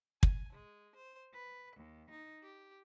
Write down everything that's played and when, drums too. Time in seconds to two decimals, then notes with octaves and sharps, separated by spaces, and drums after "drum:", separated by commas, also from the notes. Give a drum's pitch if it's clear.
0.23 G#5, drum: kick
0.53 G#3
0.96 C5
1.31 B4
1.76 D#2
2.10 D#4
2.43 G4